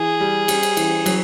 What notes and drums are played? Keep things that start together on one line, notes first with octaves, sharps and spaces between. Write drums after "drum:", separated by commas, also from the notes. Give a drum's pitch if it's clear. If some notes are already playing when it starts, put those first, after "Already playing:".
Already playing: E3 G#4
G3
G3, drum: cymbal
drum: cymbal
E3, drum: cymbal
F#3, drum: cymbal